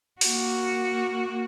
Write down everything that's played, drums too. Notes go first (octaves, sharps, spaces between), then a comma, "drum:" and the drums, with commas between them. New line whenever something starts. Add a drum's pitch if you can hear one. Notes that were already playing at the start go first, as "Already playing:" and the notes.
A#3 F#4, drum: open hi-hat